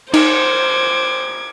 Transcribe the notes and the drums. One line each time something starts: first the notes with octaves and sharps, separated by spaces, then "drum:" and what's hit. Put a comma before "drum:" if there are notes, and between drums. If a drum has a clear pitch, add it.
D#4 C5 D6 G#6, drum: cymbal